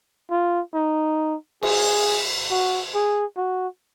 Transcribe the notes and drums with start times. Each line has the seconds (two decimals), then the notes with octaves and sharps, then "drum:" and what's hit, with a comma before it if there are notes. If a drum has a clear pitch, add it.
0.30 F4
0.74 D#4
1.63 G#4, drum: cymbal
2.51 F#4
2.94 G#4
3.37 F#4